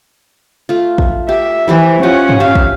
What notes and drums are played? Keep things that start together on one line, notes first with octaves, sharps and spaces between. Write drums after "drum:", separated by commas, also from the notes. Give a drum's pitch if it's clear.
A3 F4
drum: kick
G4 E5
E3 E4 G4 C5
C#4 F4 G4 F#5
drum: tom G2
G4 E5 F5
drum: kick